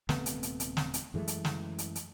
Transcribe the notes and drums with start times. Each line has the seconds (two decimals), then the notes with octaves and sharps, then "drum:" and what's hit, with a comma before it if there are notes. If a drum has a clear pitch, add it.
0.09 D#1 C3 A3 B3, drum: snare
0.26 drum: hi-hat
0.43 drum: hi-hat
0.60 drum: hi-hat
0.77 drum: snare
0.94 drum: hi-hat
1.14 F#2 E3 G#3 A3
1.28 drum: hi-hat
1.45 drum: snare
1.78 drum: hi-hat
1.95 drum: hi-hat